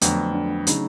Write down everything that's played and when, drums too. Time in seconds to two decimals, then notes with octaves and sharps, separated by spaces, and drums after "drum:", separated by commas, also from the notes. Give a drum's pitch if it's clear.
0.01 F2 D3 F#3 A3 B3, drum: hi-hat
0.35 D4
0.67 C#3 F#3 D#4, drum: hi-hat